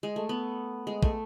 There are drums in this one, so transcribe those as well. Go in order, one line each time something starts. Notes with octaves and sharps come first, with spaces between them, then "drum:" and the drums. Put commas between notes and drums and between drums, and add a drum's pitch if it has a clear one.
G#3
A3
B3
G#3
A3, drum: kick